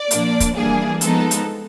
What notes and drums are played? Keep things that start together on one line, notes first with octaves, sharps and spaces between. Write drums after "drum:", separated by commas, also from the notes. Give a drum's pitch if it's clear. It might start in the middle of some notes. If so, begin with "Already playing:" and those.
Already playing: D5
A#2 F3 A#3 D4, drum: hi-hat
drum: kick, hi-hat
E3 G3 A#3 D4 G#4
F3 G#3 B3 D#4 A4, drum: hi-hat
drum: hi-hat